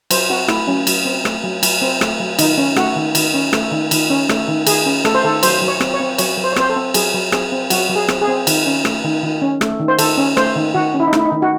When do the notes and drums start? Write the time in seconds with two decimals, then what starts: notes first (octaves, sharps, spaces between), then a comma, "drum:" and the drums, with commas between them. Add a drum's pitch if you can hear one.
0.11 F#3 C5, drum: cymbal
0.30 C4 F#4
0.48 A3 E4, drum: rim click
0.68 F#3 C#4
0.87 F#3, drum: cymbal
1.05 C4
1.25 A3, drum: rim click
1.44 F#3
1.63 F#3, drum: cymbal
1.82 C4
2.01 A3, drum: rim click
2.20 F#3
2.39 D#3 D#4, drum: cymbal
2.58 C#4
2.76 A3 F#4, drum: rim click
2.96 D#3
3.15 D#3, drum: cymbal
3.34 C#4
3.53 A3, drum: rim click
3.72 D#3
3.91 D#3, drum: cymbal
4.10 C#4
4.29 A3, drum: rim click
4.48 D#3
4.67 D#3 G#4, drum: cymbal
4.86 C#4
5.05 A3 A4, drum: rim click
5.15 C5
5.24 D#3 A4
5.43 F#3 C5, drum: cymbal
5.62 F#3
5.68 C#5
5.80 C4, drum: rim click
5.94 C#5
6.00 C4
6.18 F#3 C#5, drum: cymbal
6.38 F#3
6.44 C5
6.52 C#5
6.56 C4 C5, drum: rim click
6.69 A4
6.76 C4
6.94 F#3 G#4, drum: cymbal
7.14 F#3
7.32 C4 G#4, drum: rim click
7.52 C4
7.70 F#3 F#4, drum: cymbal
7.89 F#3
7.96 G#4
8.08 C4, drum: rim click
8.21 G#4
8.28 C4
8.47 D#3, drum: cymbal
8.66 C#4
8.85 A3, drum: rim click
9.04 D#3
9.23 D#3
9.42 C#4
9.61 A3, drum: rim click
9.80 D#3
9.88 C5
9.99 D#3 A4, drum: cymbal
10.17 C#4
10.37 A3 C5, drum: rim click
10.56 D#3
10.74 D#3 F#4
10.94 C#4
11.00 E4
11.08 D#4
11.13 A3 E4, drum: rim click
11.25 D#4
11.32 D#3
11.42 F#4